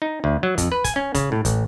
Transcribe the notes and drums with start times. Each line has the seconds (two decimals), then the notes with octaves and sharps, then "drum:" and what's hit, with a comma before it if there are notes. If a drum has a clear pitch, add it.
0.02 D#4
0.24 D2
0.43 F#3
0.58 F2, drum: kick, hi-hat
0.72 B4
0.84 G#5, drum: kick, hi-hat
0.96 C#4
1.15 C#3, drum: kick, hi-hat
1.32 A2
1.45 A1, drum: kick, hi-hat